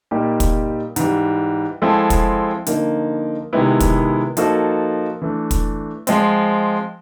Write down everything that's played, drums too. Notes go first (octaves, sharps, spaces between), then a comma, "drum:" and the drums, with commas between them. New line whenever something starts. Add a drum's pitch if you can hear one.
A#2 G3 A#3 D#4 G4
drum: kick, hi-hat
G#2 E3 G3, drum: hi-hat
F3 G#3 C4 E4 A4
drum: kick, hi-hat
D3 F3 A#3 D#4, drum: hi-hat
C3 D#3 G#3 B3 E4
drum: kick, hi-hat
F3 A#3 D#4 F#4 A4, drum: hi-hat
E3 A3 D4
drum: kick, hi-hat
F3 G#3 C4, drum: hi-hat